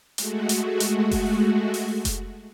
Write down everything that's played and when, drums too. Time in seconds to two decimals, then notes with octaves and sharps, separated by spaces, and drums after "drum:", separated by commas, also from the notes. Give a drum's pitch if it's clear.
0.18 G#3 A3 F#4, drum: hi-hat
0.49 drum: hi-hat
0.80 drum: hi-hat
1.11 drum: kick F1, open hi-hat
1.74 drum: open hi-hat
2.05 drum: kick F1, hi-hat